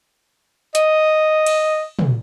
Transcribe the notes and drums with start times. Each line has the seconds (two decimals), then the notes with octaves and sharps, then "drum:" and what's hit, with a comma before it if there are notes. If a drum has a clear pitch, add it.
0.75 D#5, drum: hi-hat
1.46 drum: cymbal
1.99 drum: tom